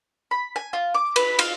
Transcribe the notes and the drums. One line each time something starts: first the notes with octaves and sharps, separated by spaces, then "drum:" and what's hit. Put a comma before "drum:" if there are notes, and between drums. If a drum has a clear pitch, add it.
B5
G#5
F4
D6
B4, drum: cymbal
F4, drum: cymbal